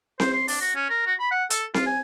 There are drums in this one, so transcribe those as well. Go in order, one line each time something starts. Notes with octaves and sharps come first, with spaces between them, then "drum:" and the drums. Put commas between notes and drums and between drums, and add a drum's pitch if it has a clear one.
C5, drum: snare C4
C6
D4, drum: open hi-hat
F#4
C#4
A#4
F#4
B5
F#5
A4, drum: hi-hat
F4, drum: snare C4
G#5